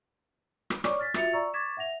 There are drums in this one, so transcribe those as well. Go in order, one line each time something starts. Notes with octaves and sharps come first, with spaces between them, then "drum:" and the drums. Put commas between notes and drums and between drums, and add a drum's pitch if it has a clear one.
drum: rim click
C#5 D5 G#5 C#6 D6, drum: rim click
F6 A6 B6
F4 F#4 E5 A6 C#7 F7, drum: rim click
D5 A#5 C#6 E6
C#6 D6 G#6 A6 B6 E7
E5 F#5 A#6 F7